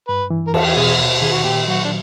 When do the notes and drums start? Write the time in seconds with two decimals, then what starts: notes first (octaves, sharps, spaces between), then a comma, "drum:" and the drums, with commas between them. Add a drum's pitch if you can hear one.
0.08 G2 B4
0.30 E3
0.48 A#4
0.54 E2 A4, drum: cymbal
0.65 G4
0.76 B2 G#4
0.99 D#2
1.21 D#3 G#4
1.33 F#4
1.44 A#2 G4
1.68 F#3 F#4
1.85 D4